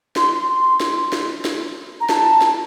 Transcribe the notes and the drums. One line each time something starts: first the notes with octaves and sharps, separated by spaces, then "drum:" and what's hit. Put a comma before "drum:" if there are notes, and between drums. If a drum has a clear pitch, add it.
C6, drum: snare
drum: snare
drum: snare
drum: snare
A#5
A5, drum: snare
drum: snare